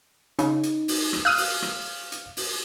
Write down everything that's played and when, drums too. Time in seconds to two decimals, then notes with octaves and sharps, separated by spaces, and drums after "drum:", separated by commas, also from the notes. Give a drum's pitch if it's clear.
0.39 C#3 D#4, drum: hi-hat
0.63 drum: hi-hat
0.88 drum: open hi-hat
1.13 drum: rim click
1.25 F5 D#6 F6 F#6
1.38 drum: open hi-hat
1.62 drum: rim click
2.12 drum: hi-hat
2.37 drum: open hi-hat